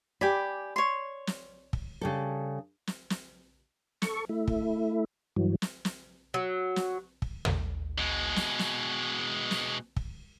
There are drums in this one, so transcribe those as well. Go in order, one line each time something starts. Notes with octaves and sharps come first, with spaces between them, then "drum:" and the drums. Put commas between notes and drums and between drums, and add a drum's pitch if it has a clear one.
G4 D5 G#5 B5
C#5 C6
drum: snare
drum: kick
C#3 G3 A4
drum: snare
drum: snare
A4 C#6, drum: snare
A3 E4
drum: kick
G2 E3 F#3
drum: snare
drum: snare
F#3
drum: snare
drum: kick
drum: tom
B2 G#3
drum: snare
drum: snare
drum: snare
drum: kick